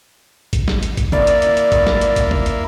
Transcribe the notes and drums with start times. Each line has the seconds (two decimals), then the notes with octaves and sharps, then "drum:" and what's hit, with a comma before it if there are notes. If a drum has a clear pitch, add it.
0.53 drum: kick G#1, hi-hat
0.68 drum: snare
0.83 drum: hi-hat
0.97 drum: kick G#1, hi-hat
1.12 A#3 E4 D5, drum: tom
1.27 drum: hi-hat
1.42 drum: hi-hat
1.57 drum: hi-hat
1.72 drum: kick G#1, hi-hat
1.87 drum: snare
2.01 drum: hi-hat
2.16 drum: kick G#1, hi-hat
2.31 drum: tom
2.46 drum: hi-hat